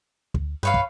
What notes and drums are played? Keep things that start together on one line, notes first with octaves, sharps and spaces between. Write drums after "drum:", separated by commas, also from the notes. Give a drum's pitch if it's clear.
D2, drum: kick
G2 B4 C#5 F5
drum: kick